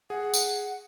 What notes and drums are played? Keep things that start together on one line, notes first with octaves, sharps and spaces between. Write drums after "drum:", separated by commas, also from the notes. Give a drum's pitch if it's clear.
G#4 F#5
drum: tambourine